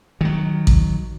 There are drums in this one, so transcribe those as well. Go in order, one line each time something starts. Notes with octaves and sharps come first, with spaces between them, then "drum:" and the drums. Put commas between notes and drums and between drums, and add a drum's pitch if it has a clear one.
D#3 F#3
drum: kick A1